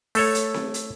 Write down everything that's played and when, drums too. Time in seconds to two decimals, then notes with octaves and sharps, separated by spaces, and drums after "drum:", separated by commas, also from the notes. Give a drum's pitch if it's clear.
0.15 A3 A4 C#5, drum: open hi-hat
0.35 drum: hi-hat
0.54 drum: snare C4
0.74 drum: hi-hat